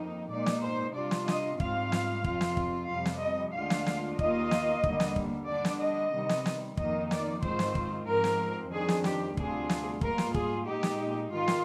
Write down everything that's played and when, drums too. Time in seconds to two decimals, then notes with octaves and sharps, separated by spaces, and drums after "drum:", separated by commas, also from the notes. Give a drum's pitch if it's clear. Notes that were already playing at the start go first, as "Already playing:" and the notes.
Already playing: F2 D#3 A#3 D#4
0.30 A#2 G#3 D#4 D5
0.46 drum: snare
0.62 C5
0.95 C3 G3 D4 F4 D5
1.11 drum: snare
1.28 D#5, drum: snare
1.60 G#2 G3 C4 F4 F5, drum: kick
1.92 drum: snare
2.24 F2 C3 F3 C4 F4, drum: kick
2.41 drum: snare
2.57 drum: kick
2.89 F2 C3 G3 F5
3.05 drum: snare
3.21 D#5
3.54 D2 D3 G#3 D4 F4 F5
3.70 drum: snare
3.86 drum: snare
4.19 D#2 D#3 A#3 F4 D#5, drum: kick
4.51 drum: snare
4.84 D#2 D3 G3 A#3, drum: kick
5.00 drum: snare
5.16 drum: kick
5.48 D3 G3 D4 D5
5.65 drum: snare
5.81 D#5
6.13 C3 D#3 G3
6.29 drum: snare
6.46 drum: snare
6.77 F2 D#3 A#3 D#4 D#5, drum: kick
7.11 D5, drum: snare
7.42 G#2 D#3 G#3 C4 F4 C5, drum: kick
7.59 drum: snare
7.75 drum: kick
8.07 G#2 F3 C4 A#4
8.24 drum: snare
8.72 F2 D#3 G3 D4 G#4
8.88 drum: snare
9.04 G4, drum: snare
9.37 D2 C3 G3 D4 F4 G#4, drum: kick
9.69 drum: snare
10.01 G#2 G3 A#3 F4 A#4, drum: kick
10.18 drum: snare
10.34 G#4, drum: kick
10.67 A#2 G#3 D#4 G4
10.83 drum: snare
11.31 G#2 D#3 G#3 F4
11.48 drum: snare